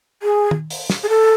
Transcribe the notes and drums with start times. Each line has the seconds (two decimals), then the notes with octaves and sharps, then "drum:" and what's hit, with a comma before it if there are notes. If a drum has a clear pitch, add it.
0.22 G#4
0.51 drum: tom
0.70 drum: open hi-hat
0.90 drum: snare
1.03 G#4
1.09 A4